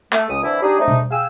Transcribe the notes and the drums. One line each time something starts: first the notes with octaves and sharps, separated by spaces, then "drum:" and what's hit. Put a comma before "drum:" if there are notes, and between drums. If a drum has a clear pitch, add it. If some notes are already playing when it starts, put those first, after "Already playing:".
A3, drum: clap
C#2 D#6
D3 E3 C4 D4 E4
G3 D4 D#4 G#4
G#3 A3 C4 D4 D#4
drum: tom B2
G#4 F5 G5 G#5 E6